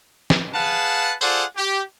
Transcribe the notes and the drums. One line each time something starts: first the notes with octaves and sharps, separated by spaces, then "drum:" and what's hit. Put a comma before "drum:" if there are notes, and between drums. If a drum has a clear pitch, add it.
drum: snare
G#4 B4 F5 F#5 A5
F4 G#4 A4 C5 D5 F#5, drum: tambourine
G4